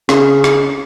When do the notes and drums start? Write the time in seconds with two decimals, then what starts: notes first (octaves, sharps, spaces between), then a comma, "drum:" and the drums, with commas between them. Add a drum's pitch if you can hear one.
0.09 C#3, drum: rim click
0.44 drum: rim click